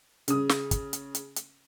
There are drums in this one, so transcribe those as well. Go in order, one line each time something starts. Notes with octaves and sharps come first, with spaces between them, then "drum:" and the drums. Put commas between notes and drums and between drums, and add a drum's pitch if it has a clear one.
C#3 D#6, drum: hi-hat
drum: snare
drum: kick, hi-hat
drum: hi-hat
drum: hi-hat
drum: hi-hat